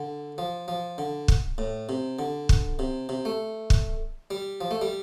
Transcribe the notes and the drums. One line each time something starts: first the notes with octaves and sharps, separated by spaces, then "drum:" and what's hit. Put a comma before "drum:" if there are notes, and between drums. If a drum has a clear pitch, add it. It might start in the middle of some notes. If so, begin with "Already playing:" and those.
Already playing: D3
F3
F3
D3
drum: kick
A2
C3
D3
drum: kick
C3
C3
A3
drum: kick
G3
F3
A3
G3